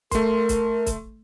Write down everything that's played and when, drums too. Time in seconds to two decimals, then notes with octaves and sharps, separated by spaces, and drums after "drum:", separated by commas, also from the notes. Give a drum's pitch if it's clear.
0.11 A3 A#4 C6, drum: kick, hi-hat
0.49 drum: kick, hi-hat
0.86 drum: kick, hi-hat